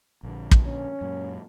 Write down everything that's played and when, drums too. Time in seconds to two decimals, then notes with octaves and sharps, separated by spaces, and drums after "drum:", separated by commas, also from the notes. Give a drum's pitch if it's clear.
0.23 A#1 D3
0.51 drum: kick
0.67 C#4
1.01 F#2 A#2